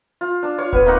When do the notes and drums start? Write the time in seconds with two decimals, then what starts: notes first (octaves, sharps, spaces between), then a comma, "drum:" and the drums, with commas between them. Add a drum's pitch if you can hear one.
0.21 F4
0.43 D4
0.58 F4 C#5
0.73 B3 B4, drum: kick D#1
0.86 A#3 C4 D#4 F#5